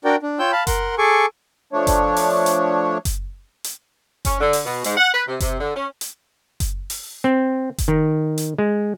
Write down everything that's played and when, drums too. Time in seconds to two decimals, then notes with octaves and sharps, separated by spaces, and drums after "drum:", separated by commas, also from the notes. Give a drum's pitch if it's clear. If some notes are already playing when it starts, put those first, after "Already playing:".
0.05 D4 F#4 A#4 D5 G5
0.23 D4
0.39 F4 C#5 G5 E6 G6
0.52 F5 A5 B5
0.67 A#4 F#5 C6, drum: kick F#1, hi-hat
0.98 G#4 A4 G#5 C#6 D6
1.73 F3 A3 D4 C#5
1.87 drum: kick F#1, hi-hat
2.16 drum: open hi-hat
2.46 drum: hi-hat
3.05 drum: kick F#1, hi-hat
3.64 drum: hi-hat
4.25 C#4, drum: kick F#1, hi-hat
4.39 D3
4.53 drum: open hi-hat
4.65 B2
4.84 G#2, drum: hi-hat
4.97 F#5
5.14 B4
5.27 C3
5.40 C3, drum: kick F#1, hi-hat
5.60 D3
5.75 C#4
6.01 drum: hi-hat
6.60 drum: kick F#1, hi-hat
6.90 drum: open hi-hat
7.24 C4
7.78 drum: kick F#1, hi-hat
7.88 D#3
8.38 drum: hi-hat
8.58 G#3